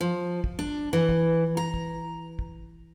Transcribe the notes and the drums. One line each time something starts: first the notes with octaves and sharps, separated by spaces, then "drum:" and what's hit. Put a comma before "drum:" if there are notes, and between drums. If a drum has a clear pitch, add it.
F3
drum: kick
D4
E3
drum: kick
A#5
drum: kick
drum: kick